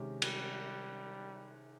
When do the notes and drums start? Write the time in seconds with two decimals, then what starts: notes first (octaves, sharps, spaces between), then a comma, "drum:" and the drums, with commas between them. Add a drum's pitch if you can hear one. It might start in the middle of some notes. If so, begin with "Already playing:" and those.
Already playing: C3 D#3 G#3 C#4 G4
0.22 G3, drum: cymbal